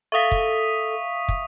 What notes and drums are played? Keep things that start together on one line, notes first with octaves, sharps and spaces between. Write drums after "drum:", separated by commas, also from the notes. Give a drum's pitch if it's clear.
A4 E5 F5 C#6 D#6 B6
drum: kick
drum: kick